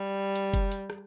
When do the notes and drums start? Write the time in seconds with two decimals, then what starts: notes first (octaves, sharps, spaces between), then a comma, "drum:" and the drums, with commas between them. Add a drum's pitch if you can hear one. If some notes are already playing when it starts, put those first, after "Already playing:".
Already playing: G3
0.36 drum: hi-hat
0.54 drum: kick F#1, hi-hat
0.72 drum: hi-hat
0.90 drum: rim click